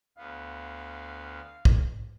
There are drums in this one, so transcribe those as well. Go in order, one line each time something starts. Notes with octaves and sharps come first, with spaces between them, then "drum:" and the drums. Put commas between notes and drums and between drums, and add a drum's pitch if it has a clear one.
D2 B3 F5
drum: kick